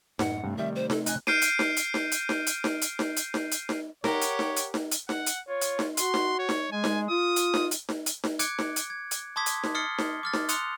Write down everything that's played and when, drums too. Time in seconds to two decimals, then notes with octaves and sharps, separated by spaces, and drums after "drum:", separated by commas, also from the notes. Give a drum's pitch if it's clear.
0.19 F#2 A2 F#5, drum: snare D#4
0.44 G2 C3 A3
0.58 D#3 G3 E5
0.75 C5
0.90 A4, drum: snare D#4
1.06 D#4 G#5 F#6, drum: hi-hat
1.27 F6 G6 C7 D7 D#7, drum: snare D#4
1.42 drum: hi-hat
1.59 drum: snare D#4
1.77 drum: hi-hat
1.94 drum: snare D#4
2.12 drum: hi-hat
2.29 drum: snare D#4
2.46 drum: hi-hat
2.64 drum: snare D#4
2.81 drum: hi-hat
2.99 drum: snare D#4
3.16 drum: hi-hat
3.34 drum: snare D#4
3.51 drum: hi-hat
3.69 drum: snare D#4
4.04 G4 A#4 C#5 F#5, drum: snare D#4
4.21 drum: hi-hat
4.39 drum: snare D#4
4.56 drum: hi-hat
4.74 drum: snare D#4
4.91 drum: hi-hat
5.09 F#5, drum: snare D#4
5.26 drum: hi-hat
5.49 F4 C#5
5.61 drum: hi-hat
5.79 drum: snare D#4
5.97 F#4 C6, drum: hi-hat
6.14 drum: snare D#4
6.39 C#5
6.49 drum: snare D#4
6.72 G#3 G#5
6.84 drum: snare D#4
7.10 F4 D#6
7.36 drum: hi-hat
7.54 drum: snare D#4
7.71 drum: hi-hat
7.89 drum: snare D#4
8.06 drum: hi-hat
8.24 drum: snare D#4
8.39 D6 F#6 G#6 C#7 D7, drum: hi-hat
8.59 drum: snare D#4
8.76 drum: hi-hat
8.90 G#6
9.11 drum: hi-hat
9.36 A5 C6 D6 D#6 G#6 B6
9.46 drum: hi-hat
9.63 drum: snare D#4
9.75 D#6 F6 A6 C7 C#7 G7
9.98 drum: snare D#4
10.23 D6 F6 A6
10.33 drum: snare D#4
10.49 C6 D#6 F#6 C#7 F7, drum: hi-hat